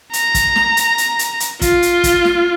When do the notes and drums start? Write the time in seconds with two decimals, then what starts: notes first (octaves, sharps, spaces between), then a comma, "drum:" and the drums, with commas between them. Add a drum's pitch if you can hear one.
0.13 A#5, drum: hi-hat
0.34 drum: kick, hi-hat
0.56 drum: snare
0.77 drum: hi-hat
0.98 drum: hi-hat
1.19 drum: hi-hat
1.40 drum: hi-hat
1.61 F4, drum: kick, hi-hat
1.82 drum: hi-hat
2.04 drum: kick, hi-hat
2.25 drum: snare